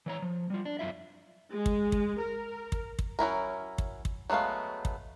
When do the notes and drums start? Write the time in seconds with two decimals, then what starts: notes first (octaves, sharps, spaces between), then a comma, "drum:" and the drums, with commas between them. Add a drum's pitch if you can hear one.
0.06 E3 C#5 A#5
0.22 F3
0.50 G3 F4
0.65 D4
0.79 F#2 D#4 F4 E5
1.53 G#3
1.66 drum: kick
1.92 drum: kick
2.19 A#4
2.72 drum: kick
2.99 drum: kick
3.19 F#3 C#4 E4 A#4
3.78 drum: kick
4.05 drum: kick
4.30 F#3 G#3 A3 B3 F5
4.85 drum: kick